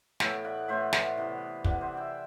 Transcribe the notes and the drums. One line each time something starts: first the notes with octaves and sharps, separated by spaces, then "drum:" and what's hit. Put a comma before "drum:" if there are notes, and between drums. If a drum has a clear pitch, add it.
A2 E3 B3 E5 G5, drum: snare
D5 F#5
A2 E3 B3 C5 E5
drum: snare
C3 E3 B3
C3 E3 B3 D5 F#5, drum: kick
C5 E5
E5 G5